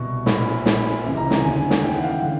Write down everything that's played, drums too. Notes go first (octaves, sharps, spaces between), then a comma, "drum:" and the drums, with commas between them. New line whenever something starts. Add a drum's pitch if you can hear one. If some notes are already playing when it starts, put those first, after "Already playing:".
Already playing: C2 B2 C#6
A#1 A#2 B5, drum: snare
A#1 A#2 B5, drum: snare
C#2 C3 E3
A#5
G#5, drum: snare
D#2 D3 G#5
drum: snare
D#2 C#3 E3 G5
F#5
F5
F#5
D3